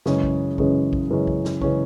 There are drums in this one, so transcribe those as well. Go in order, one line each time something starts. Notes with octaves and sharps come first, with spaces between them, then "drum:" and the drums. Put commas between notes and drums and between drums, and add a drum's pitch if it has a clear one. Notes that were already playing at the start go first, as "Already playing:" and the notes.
F#2 C#3 E3 G#3 C#4, drum: snare
drum: kick A#1
F#2 C#3 E3 G#3 C#4, drum: kick A#1
drum: kick A#1
F#2 C#3 E3 G#3 C#4
drum: kick A#1
drum: snare
C#3 E3 G#3 C#4, drum: kick A#1